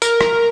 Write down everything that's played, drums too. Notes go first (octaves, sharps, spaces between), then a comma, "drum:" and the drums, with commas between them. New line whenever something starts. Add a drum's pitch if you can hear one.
A#4, drum: tambourine
drum: rim click